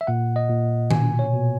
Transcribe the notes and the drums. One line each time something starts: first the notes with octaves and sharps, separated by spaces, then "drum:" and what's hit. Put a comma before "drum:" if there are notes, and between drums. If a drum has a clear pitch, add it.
E5
A#2 F#5
D#5
A#2
B2 G#5, drum: tom D#3
C#5
B2